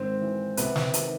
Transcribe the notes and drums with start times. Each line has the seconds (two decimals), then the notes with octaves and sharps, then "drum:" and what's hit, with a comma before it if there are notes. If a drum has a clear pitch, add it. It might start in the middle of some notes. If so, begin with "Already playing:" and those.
Already playing: G#2 D#3 C4 C5
0.21 E3
0.57 C3 B3 B4, drum: hi-hat
0.76 drum: snare
0.94 D#3, drum: hi-hat